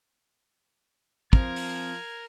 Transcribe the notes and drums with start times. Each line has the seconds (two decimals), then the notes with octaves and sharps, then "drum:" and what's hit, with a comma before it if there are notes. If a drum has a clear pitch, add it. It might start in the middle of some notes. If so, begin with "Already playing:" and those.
1.33 F3 C4 A#4 G#6, drum: kick
1.56 drum: open hi-hat